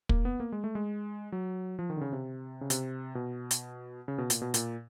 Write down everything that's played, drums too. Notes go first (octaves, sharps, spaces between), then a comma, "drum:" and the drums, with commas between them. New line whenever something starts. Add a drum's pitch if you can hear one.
A#3, drum: kick
B3
A#3
G#3
A3
G#3
F#3
F3
D#3
D3
C#3
C3
C#3
C3, drum: hi-hat
B2
drum: hi-hat
C#3
B2
A#2, drum: hi-hat
B2
A#2, drum: hi-hat